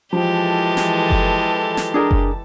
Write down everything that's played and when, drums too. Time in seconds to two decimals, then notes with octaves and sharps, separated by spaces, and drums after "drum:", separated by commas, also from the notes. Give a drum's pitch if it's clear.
0.13 E3 F3 G#3 G4 A4 A5
0.77 drum: snare
1.10 drum: kick F#1
1.77 drum: snare
1.94 D4 G#4 A#4
2.11 drum: kick F#1